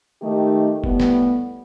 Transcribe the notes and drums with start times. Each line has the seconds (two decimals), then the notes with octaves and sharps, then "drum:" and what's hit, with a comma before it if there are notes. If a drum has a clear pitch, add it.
0.22 D#3 A3 D#4 G4
0.84 A2 G3 B3, drum: kick F1
1.00 drum: snare